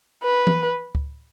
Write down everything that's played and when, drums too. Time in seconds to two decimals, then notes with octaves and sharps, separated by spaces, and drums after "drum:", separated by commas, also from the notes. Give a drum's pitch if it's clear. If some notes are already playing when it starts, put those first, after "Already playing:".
0.23 B4
0.47 drum: tom E3
0.95 drum: kick C#2